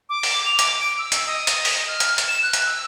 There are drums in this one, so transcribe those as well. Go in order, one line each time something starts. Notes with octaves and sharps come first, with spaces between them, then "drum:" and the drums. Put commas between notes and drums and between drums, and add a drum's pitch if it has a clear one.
D6
drum: open hi-hat
F7
D6, drum: hi-hat
D7
E6
drum: hi-hat
D#5
drum: hi-hat
drum: open hi-hat
F6
drum: hi-hat
drum: hi-hat
E7
F#6
drum: hi-hat
E6